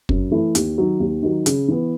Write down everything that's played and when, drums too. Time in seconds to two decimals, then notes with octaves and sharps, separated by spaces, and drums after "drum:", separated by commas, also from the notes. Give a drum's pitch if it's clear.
0.09 F#2, drum: kick
0.31 E3 A3 E4
0.55 D#2, drum: hi-hat
0.78 D#3 F#3
1.00 D#2
1.23 D#3 F#3
1.46 C#3, drum: hi-hat
1.68 E3 B3